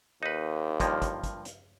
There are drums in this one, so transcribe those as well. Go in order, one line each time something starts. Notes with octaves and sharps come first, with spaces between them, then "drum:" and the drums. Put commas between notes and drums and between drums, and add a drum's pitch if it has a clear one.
D#2 D#4 B4
G2 F3 A#3, drum: kick, hi-hat
drum: kick, hi-hat
drum: kick, hi-hat
drum: hi-hat